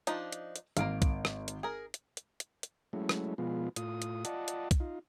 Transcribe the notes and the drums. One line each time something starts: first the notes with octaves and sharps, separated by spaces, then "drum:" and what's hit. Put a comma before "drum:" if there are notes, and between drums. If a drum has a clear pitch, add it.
F3 D4 D#4, drum: hi-hat
drum: hi-hat
drum: hi-hat
G#1 A#3 F5 D7, drum: hi-hat
drum: kick B1, hi-hat
drum: rim click
drum: hi-hat
G#4 A#4
drum: hi-hat
drum: hi-hat
drum: hi-hat
drum: hi-hat
F#3 G#3 A3 C#4 E4
drum: rim click
B2 F3 G#3 B3 F4
A2 F4 D#6, drum: hi-hat
drum: hi-hat
F4 D5 D#5 F#5 A5, drum: hi-hat
drum: hi-hat
drum: kick B1, hi-hat
D#4 F4